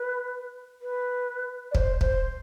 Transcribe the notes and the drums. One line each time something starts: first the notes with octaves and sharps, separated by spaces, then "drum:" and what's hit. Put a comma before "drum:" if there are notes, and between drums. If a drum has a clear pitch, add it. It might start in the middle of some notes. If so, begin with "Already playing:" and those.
Already playing: B4
B4
D5
C5, drum: kick
C5, drum: kick